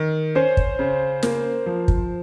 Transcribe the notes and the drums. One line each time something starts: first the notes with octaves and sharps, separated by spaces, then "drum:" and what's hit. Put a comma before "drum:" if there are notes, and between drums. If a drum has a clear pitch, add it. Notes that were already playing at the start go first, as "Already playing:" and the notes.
Already playing: D#3
C#4 C5
drum: kick
C#3
A#3, drum: snare
F3
drum: kick